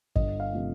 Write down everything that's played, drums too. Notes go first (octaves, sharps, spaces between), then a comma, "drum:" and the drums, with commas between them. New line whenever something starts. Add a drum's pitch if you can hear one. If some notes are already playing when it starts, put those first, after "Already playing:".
G1 D#5, drum: kick
F5
C3 F3 A3